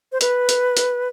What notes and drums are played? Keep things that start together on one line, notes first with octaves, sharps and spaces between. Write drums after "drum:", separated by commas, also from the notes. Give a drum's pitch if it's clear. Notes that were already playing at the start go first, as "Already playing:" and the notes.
C5
B4, drum: hi-hat
drum: hi-hat
drum: hi-hat